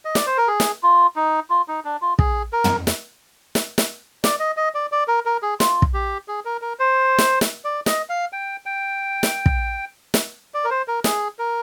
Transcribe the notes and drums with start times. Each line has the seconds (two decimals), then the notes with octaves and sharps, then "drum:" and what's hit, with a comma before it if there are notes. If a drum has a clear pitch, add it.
0.05 D#5
0.15 D5, drum: snare
0.26 C5
0.37 A#4
0.48 G#4
0.60 drum: snare
0.83 F4
1.16 D#4
1.50 F4
1.68 D#4
1.85 D4
2.02 F4
2.19 G#4, drum: kick
2.53 A#4
2.64 drum: tom
2.87 drum: snare
3.55 drum: snare
3.78 drum: snare
4.24 D5, drum: snare
4.40 D#5
4.57 D#5
4.74 D5
4.92 D5
5.08 A#4
5.25 A#4
5.42 G#4
5.60 F4, drum: snare
5.82 drum: kick
5.94 G4
6.28 G#4
6.45 A#4
6.62 A#4
6.79 C5
7.18 drum: snare
7.41 drum: snare
7.65 D5
7.86 D#5, drum: snare
8.09 F5
8.33 G5
8.66 G5
9.23 drum: snare
9.46 drum: kick
10.14 drum: snare
10.54 D5
10.64 A#4
10.70 C5
10.88 A#4
11.04 G#4, drum: snare
11.39 A#4